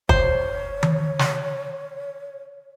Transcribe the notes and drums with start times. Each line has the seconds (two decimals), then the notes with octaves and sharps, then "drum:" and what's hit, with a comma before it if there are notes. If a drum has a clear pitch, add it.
0.09 C5 C#5, drum: kick
0.83 drum: tom D#3
1.19 drum: snare